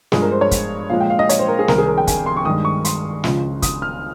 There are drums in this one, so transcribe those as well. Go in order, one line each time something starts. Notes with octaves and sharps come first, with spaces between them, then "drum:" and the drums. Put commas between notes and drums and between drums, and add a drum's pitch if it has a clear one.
G2 F3 G#3 G#4, drum: snare
A#4
C5
C#5
drum: kick, hi-hat
A#2 F3 G#3 F5
G5
F5
D#5
C#5, drum: hi-hat
C5
A#4
G#4
C2 C3 D#3 A#4, drum: snare
G#4
A#4
G5
G#5, drum: kick, hi-hat
C6
C#6
G2 D#3 G#3 D#6
C#6
C6, drum: hi-hat
C#2 C#3 F3, drum: snare
D#6, drum: kick, hi-hat
F6